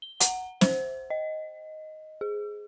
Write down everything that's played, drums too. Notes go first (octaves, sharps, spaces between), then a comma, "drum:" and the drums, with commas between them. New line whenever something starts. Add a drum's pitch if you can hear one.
G7
F#5, drum: hi-hat
C5, drum: snare
D#5
G#4